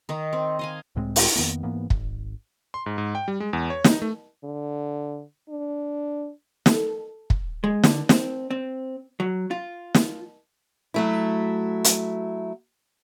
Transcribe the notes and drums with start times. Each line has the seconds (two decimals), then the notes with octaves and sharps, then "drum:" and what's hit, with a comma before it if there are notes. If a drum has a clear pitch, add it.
0.09 D#3 D#4
0.33 C4
0.59 D#5 F5 G#5
0.96 C#2 A2 G#3 C4
1.16 drum: open hi-hat
1.36 F2 D#3 A#3 B3
1.63 G#2 E3 A#3 B3
1.90 G#1, drum: kick
2.74 C6
2.86 G#2
2.98 G#2
3.15 G5
3.28 G3
3.40 G#3
3.53 E2
3.70 C#5
3.84 D#4, drum: snare
4.02 A3
4.44 D3
5.49 D4
6.66 A4, drum: snare
7.30 drum: kick
7.64 G#3
7.84 D3, drum: snare
8.09 C4, drum: snare
8.51 C4
9.20 F#3
9.51 F4
9.95 drum: snare
10.94 F#3 A3 E4
11.84 drum: hi-hat